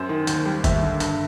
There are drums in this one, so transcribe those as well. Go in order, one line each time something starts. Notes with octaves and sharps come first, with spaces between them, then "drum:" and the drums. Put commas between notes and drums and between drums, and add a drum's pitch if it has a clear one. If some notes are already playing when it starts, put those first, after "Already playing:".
Already playing: F#2 C5
D#3
D#2, drum: hi-hat
G3
D#2 E5, drum: kick, hi-hat
D3
G2, drum: hi-hat